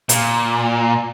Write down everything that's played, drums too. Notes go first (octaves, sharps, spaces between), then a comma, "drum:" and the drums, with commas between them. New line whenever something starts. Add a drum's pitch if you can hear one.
A#2, drum: hi-hat